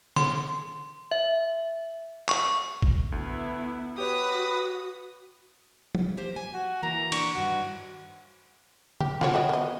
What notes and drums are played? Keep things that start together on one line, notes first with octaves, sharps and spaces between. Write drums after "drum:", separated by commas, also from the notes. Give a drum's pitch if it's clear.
C6, drum: snare
E5
C#6, drum: clap
drum: kick
D2 B3 E4
F#4 G4 B4 C#5 D#6
drum: tom
A#3 G4 C5
G#5
F#4
E3 A#3 A#5
D4 C#6, drum: cymbal
G2 D#3 F#4
G4, drum: tom
F4 F#4 C#5, drum: snare
G3 F#4 D#5
B3 D#5